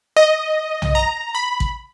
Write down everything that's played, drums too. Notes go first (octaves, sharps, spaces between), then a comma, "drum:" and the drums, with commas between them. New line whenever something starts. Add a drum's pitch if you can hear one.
D#5
drum: tom B1
A#5
B5
drum: kick